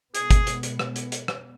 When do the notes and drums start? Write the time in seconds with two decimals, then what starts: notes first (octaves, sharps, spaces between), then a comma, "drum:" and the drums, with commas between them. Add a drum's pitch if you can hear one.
0.15 B2 G#3 B3 G#4, drum: hi-hat
0.31 drum: kick G1, hi-hat
0.47 drum: hi-hat
0.63 drum: hi-hat
0.79 drum: rim click
0.96 drum: hi-hat
1.12 drum: hi-hat
1.28 drum: rim click